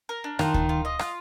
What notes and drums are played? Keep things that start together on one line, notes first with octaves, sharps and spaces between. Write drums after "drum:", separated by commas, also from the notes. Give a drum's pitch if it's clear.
A#4
D4
D#3 F4, drum: rim click
F4, drum: kick D2
F4
D#5
F4, drum: rim click